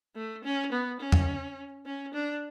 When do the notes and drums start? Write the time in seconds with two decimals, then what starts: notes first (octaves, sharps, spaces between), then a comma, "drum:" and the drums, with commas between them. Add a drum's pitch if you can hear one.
0.16 A3
0.44 C#4
0.72 B3
1.00 C#4
1.12 drum: tom E2
1.86 C#4
2.14 D4